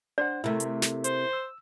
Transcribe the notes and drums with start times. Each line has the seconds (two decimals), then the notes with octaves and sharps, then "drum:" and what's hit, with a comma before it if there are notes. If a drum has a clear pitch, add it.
0.18 D4 C5 D5 F#5
0.44 C3 A3 E4 A#4 E5
0.60 drum: hi-hat
0.82 drum: snare
1.04 C5, drum: hi-hat
1.33 E6